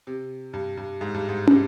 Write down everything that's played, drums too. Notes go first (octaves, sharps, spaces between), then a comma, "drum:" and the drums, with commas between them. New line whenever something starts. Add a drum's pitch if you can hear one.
C3
G2
G2
G#2
G2
G#2
C3, drum: tom